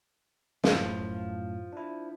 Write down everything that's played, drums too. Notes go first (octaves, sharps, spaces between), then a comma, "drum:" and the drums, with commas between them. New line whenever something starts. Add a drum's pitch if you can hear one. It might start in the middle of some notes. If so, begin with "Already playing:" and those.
F#2 A2 F3, drum: snare
D4 E4